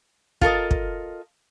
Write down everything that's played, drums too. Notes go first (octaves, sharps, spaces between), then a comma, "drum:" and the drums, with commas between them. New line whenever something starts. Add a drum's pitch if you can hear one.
F4 A4 A#4 D#5, drum: kick
drum: kick